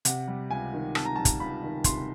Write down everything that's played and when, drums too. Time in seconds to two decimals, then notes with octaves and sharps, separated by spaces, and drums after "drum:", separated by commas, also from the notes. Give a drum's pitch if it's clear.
0.05 C3 F#5, drum: hi-hat
0.28 G3
0.50 C#2 G#5
0.73 D#3
0.95 C3 A5, drum: rim click
1.05 A#5
1.16 G3 A5
1.25 drum: kick, hi-hat
1.40 C#2 B5
1.63 D#3
1.84 C3 C6, drum: kick, hi-hat